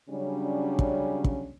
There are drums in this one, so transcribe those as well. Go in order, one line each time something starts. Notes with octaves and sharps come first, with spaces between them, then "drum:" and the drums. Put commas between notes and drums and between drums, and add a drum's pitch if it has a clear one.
C#3 F#3 G3 C#4 D4
drum: kick
drum: kick